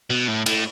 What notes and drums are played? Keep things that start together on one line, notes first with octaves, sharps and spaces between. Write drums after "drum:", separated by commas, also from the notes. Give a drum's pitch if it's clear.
B2
A2
A2, drum: cymbal